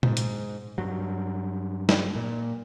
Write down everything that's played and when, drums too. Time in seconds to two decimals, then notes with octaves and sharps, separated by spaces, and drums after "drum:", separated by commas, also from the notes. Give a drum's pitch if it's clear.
0.03 G#2, drum: tom A#2
0.17 drum: hi-hat
0.78 G2 F#3
1.89 drum: snare
2.16 A#2